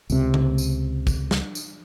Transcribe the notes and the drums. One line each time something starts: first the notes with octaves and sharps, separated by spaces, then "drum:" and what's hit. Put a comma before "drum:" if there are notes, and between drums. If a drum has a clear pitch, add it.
C#2 C3, drum: tambourine
drum: tom C#3
drum: tambourine
drum: kick, tambourine
drum: snare
drum: tambourine